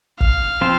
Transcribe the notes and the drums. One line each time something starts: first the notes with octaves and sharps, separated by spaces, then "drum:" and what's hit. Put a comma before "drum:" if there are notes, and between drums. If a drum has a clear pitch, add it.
F5, drum: kick
F3 C4 F4 C5